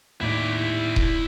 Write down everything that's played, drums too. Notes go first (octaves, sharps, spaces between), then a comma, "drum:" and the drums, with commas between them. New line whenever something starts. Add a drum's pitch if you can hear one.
D#2 A2 D#4 E4 D5
drum: kick D#1